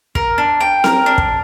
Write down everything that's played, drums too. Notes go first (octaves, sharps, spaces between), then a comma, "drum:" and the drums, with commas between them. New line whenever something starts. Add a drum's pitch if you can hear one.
A#4, drum: kick
D4
G5
A#4, drum: snare C4
D4
drum: kick